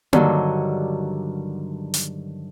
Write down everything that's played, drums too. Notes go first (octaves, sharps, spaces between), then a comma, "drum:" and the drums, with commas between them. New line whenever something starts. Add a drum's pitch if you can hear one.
G2 D3 D#3 F#3, drum: tom A#3
drum: hi-hat